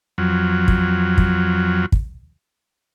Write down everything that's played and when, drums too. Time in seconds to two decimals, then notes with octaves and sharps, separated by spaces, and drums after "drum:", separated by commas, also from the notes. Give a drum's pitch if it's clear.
0.18 F2 F#3
0.68 drum: kick
1.18 drum: kick
1.92 drum: kick